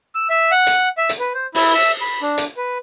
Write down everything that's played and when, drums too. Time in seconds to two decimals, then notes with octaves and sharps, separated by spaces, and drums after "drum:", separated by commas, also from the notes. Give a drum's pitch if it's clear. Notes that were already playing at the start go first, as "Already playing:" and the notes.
0.15 E6
0.30 E5
0.52 F#5
0.67 drum: hi-hat
0.98 E5
1.09 drum: hi-hat
1.20 B4
1.34 C5
1.55 E4, drum: open hi-hat
1.74 E5
2.01 B5
2.22 D4
2.38 drum: hi-hat
2.57 B4